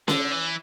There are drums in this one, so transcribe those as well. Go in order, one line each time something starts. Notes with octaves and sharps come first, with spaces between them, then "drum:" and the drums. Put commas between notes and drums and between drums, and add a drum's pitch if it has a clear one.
D3, drum: snare C#4
E3